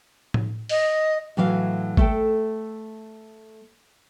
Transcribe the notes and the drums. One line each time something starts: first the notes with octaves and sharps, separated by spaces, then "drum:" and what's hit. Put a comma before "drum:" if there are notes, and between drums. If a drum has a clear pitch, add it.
drum: tom A2
D#5, drum: open hi-hat
A2 E3 F#3 F5
A3 A4 G5, drum: kick G#1